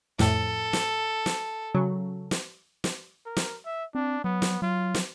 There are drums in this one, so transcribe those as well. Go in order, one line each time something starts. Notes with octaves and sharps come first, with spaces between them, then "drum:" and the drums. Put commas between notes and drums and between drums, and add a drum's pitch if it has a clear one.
F2 A2 A4, drum: snare
drum: snare
drum: snare
C#3 F#3
drum: snare
drum: snare
A#4
drum: snare
E5
C4 D4
F#3 B3
drum: snare
F#3 F4
drum: snare